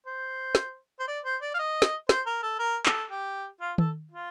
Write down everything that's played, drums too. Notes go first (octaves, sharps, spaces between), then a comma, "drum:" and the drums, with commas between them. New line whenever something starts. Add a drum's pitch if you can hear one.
C5
drum: snare
C5
D5
C5
D5
F5
D#5
drum: snare
C5, drum: snare
A#4
A4
A#4
A4, drum: clap
G4
F4
A4, drum: tom D#3
F4